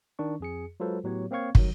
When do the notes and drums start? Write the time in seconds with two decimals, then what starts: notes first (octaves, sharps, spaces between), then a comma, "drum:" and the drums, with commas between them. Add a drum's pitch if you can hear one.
0.19 D#3 D4 C#6
0.40 F2 G#4 C#7
0.80 F#3 G#3 F4 A4 B4 C5
1.04 A2 F#3 B3 G4 C#5
1.31 A#3 C4 C#5 F5 C#6 G#6
1.55 C3 D#3 F#3, drum: kick